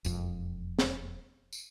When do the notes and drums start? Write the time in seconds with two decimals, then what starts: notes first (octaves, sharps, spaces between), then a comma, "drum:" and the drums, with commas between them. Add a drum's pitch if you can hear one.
0.05 E1 F2, drum: tambourine
0.79 drum: snare
1.53 drum: tambourine